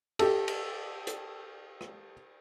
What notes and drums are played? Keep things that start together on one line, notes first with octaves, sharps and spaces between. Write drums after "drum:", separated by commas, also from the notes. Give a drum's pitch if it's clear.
G4 A4, drum: cymbal
drum: cymbal
drum: hi-hat
drum: rim click